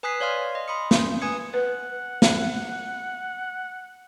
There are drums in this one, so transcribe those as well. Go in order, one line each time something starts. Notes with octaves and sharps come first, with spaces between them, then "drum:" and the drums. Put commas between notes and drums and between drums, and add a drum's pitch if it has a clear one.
B4 G#5 D#6 F#6 B6 C7
C#5 D5 F5 C6 F6
D#5
B5 C6 D#6 C#7
A#3 C#4, drum: snare
B4 G#5 D#6 G#6 C#7
B4 F#5
drum: snare